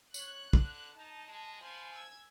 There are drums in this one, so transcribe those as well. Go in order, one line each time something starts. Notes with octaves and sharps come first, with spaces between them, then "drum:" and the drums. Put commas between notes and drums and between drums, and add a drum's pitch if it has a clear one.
C#5 F#6, drum: tambourine
D3, drum: kick
D#4 A5
G#3
F3 G#5 B5 C6
E6 G#6